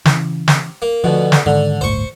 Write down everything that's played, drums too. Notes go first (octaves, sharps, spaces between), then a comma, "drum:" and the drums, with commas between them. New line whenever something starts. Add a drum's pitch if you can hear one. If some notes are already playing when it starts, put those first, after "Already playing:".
C#3 E3, drum: snare
drum: snare
A#3
D2 B2 F3
drum: snare
G#2 D3 D#3
D1 G1 A2 C5 C#6